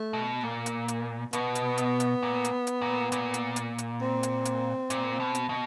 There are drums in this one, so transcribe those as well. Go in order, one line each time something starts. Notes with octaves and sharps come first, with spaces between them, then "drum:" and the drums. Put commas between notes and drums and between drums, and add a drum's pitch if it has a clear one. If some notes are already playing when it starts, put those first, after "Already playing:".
Already playing: A3
B2
A#2 A#3
drum: hi-hat
drum: hi-hat
B2 B3, drum: hi-hat
drum: hi-hat
drum: hi-hat
drum: hi-hat
A#2
drum: hi-hat
drum: hi-hat
A#2
A#2, drum: hi-hat
drum: hi-hat
drum: hi-hat
drum: hi-hat
C4
drum: hi-hat
drum: hi-hat
A#2, drum: hi-hat
B2
drum: hi-hat
B2